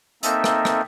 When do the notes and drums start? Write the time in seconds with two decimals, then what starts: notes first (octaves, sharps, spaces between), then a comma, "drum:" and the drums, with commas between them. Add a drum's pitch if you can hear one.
0.23 A#3 C4 D#4 A4 E5, drum: hi-hat
0.44 drum: rim click
0.65 drum: rim click